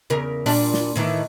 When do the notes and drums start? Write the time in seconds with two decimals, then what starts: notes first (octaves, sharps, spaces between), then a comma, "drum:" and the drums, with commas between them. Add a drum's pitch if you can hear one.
0.10 E2 C#3 A#4
0.46 A#2 G3 D4, drum: open hi-hat
0.74 drum: snare
0.96 A2 D#3 E3